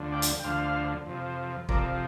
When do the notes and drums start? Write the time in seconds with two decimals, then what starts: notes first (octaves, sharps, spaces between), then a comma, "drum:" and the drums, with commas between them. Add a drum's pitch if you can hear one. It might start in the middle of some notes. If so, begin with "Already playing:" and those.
Already playing: D2 D3 F3
0.12 D5 G5
0.22 drum: hi-hat
0.40 G5
0.44 D2 D3 F3 C5 F5
1.06 F2 C3 F3
1.69 F2 C3 F3 A#4 D5, drum: kick